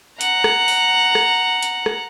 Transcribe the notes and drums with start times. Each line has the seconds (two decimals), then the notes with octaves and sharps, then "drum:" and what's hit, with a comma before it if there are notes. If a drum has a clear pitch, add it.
0.21 F#5 A#5, drum: hi-hat
0.44 drum: rim click
0.68 drum: open hi-hat
1.15 drum: rim click
1.62 drum: hi-hat
1.86 drum: rim click